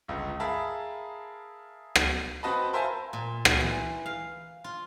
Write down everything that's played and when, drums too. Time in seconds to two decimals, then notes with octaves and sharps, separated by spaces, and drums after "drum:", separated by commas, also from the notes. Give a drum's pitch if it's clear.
0.08 G1 C#2
0.40 G#4 A#4 E5 F5 A5 B5
1.96 drum: rim click
2.43 C4 F#4 B4 D#5 A5 B5
2.73 A#4 C5 E5 F5 G#5 A5
3.13 A#2
3.45 drum: rim click
3.60 E3
4.06 F5
4.64 F4